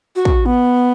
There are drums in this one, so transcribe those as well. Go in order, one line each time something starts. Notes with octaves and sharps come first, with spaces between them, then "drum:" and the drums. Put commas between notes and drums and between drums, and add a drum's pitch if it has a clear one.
F#4
drum: kick
B3